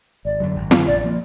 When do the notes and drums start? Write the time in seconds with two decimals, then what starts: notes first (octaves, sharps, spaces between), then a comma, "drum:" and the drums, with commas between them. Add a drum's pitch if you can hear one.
0.25 G#1 D5
0.40 F#2 D3 F#3
0.56 G#1
0.71 F#2 D3 F#3, drum: snare
0.87 A#1 D5
1.04 F3 A#3